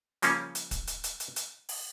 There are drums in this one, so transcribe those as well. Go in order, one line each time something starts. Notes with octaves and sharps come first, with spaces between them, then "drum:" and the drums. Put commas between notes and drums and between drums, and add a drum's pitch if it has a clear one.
C#3 F3 G3 A#3 C#4, drum: hi-hat
drum: hi-hat
drum: kick, hi-hat
drum: hi-hat
drum: hi-hat
drum: hi-hat
drum: hi-hat
drum: open hi-hat